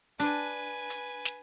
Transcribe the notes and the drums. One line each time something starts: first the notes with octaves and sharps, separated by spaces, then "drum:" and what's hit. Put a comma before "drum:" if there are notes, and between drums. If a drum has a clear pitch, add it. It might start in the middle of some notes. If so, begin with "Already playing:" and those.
D4 B4 G#5, drum: hi-hat
drum: hi-hat
drum: snare